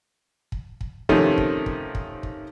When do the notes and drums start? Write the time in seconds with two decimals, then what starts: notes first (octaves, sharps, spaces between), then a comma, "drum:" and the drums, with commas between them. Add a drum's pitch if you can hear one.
0.52 drum: kick
0.81 drum: kick
1.09 C3 D#3 F3 A3 C#4, drum: kick
1.38 drum: kick
1.66 drum: kick
1.95 drum: kick
2.23 drum: kick